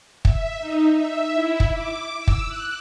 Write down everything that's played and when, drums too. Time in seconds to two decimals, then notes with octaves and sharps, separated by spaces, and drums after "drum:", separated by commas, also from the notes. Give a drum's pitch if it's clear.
0.25 E5, drum: kick
0.60 D#4
0.96 E5
1.34 E4
1.60 drum: kick
1.72 D6
2.17 E6
2.28 drum: kick
2.47 F#6